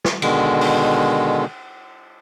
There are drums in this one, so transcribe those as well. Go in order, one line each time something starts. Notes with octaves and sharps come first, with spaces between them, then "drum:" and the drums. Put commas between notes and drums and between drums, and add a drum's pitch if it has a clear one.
drum: snare
B2 D3 D#3 G#3, drum: cymbal
drum: open hi-hat